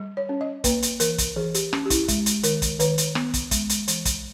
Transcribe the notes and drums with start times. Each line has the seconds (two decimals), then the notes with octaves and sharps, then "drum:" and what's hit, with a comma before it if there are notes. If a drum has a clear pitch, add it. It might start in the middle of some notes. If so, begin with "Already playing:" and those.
Already playing: G3
0.17 C#5
0.29 C#4
0.41 D#5
0.64 A#3 B4, drum: kick, hi-hat
0.82 drum: hi-hat
1.00 E3 A#4, drum: hi-hat
1.18 drum: kick, hi-hat
1.36 E3 G#4
1.54 G4, drum: hi-hat
1.73 C#4, drum: rim click
1.86 G4
1.90 E4, drum: kick, hi-hat
2.08 G#3, drum: kick, hi-hat
2.26 drum: hi-hat
2.43 D#3 A#4, drum: hi-hat
2.62 drum: kick, hi-hat
2.80 D#3 B4, drum: hi-hat
2.98 drum: hi-hat
3.15 B3, drum: rim click
3.34 drum: kick, hi-hat
3.51 G#3, drum: kick, hi-hat
3.69 drum: hi-hat
3.88 E3, drum: hi-hat
4.05 drum: kick, hi-hat